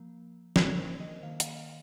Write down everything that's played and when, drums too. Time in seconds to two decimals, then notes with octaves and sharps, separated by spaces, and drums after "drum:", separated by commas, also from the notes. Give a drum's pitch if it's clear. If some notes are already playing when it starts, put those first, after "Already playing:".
Already playing: F3 A#3
0.56 D#3 A#3 A#4, drum: snare
0.78 C5
1.00 D#5
1.23 D#3 A#3 F5
1.40 F5, drum: hi-hat
1.57 F5